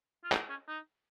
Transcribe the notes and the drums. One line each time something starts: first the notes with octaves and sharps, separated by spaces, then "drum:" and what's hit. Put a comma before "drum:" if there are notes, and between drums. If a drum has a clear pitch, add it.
F4
D#4, drum: clap
C#4
D#4